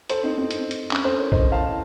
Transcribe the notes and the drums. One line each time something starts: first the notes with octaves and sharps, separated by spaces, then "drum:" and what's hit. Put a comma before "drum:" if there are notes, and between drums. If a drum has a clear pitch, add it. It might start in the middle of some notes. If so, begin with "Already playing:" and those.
A4 C5, drum: hi-hat
C4 D#4
C4
drum: hi-hat
drum: hi-hat
C#4, drum: clap
A4 C5
A#4 C#5
C5 D#5, drum: kick B1
F5 A5